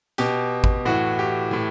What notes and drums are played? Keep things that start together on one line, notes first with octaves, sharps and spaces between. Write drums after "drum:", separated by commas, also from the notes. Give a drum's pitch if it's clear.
B2 G4, drum: hi-hat
drum: kick G#1
A2 E3 F#4
G4
A2 E3